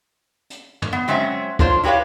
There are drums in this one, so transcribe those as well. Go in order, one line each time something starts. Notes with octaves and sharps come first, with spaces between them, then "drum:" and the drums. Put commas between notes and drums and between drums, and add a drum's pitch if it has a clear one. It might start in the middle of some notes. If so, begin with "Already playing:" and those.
drum: hi-hat
drum: tom
B3
F#3 G#3 C4 C#4 E5
D4 F4 C5 C#5, drum: kick
E4 F#4 G4 B4 C#5 F5